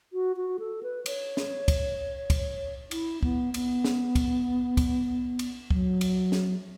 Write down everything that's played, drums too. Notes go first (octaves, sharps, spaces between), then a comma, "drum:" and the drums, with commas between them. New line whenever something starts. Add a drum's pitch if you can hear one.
F#4
F#4
A4
B4
C#5, drum: cymbal
drum: snare
drum: kick, cymbal
drum: kick, cymbal
E4, drum: cymbal
B3, drum: kick
B3, drum: cymbal
drum: snare
drum: kick, cymbal
drum: kick, cymbal
drum: cymbal
F#3, drum: kick
drum: cymbal
drum: snare